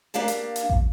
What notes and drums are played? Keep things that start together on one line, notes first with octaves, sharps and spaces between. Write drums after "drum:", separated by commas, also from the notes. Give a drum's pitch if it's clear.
A#3 D4 G4 F5 A5
drum: hi-hat
drum: hi-hat
drum: kick A1